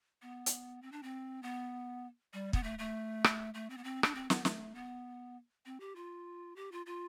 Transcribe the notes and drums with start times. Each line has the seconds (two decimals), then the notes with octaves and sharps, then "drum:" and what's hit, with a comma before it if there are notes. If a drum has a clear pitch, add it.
0.22 B3
0.46 drum: hi-hat
0.82 C4
0.92 D4
1.03 C4
1.43 B3
2.33 G3
2.53 B3, drum: kick
2.63 A3
2.79 A3
3.24 drum: rim click
3.54 A3
3.70 C4
3.77 B3
3.84 C4
4.03 D4, drum: rim click
4.15 C4
4.30 B3, drum: snare
4.45 A3, drum: snare
4.75 B3
5.66 C4
5.80 G4
5.96 F4
6.56 G4
6.72 F4
6.86 F4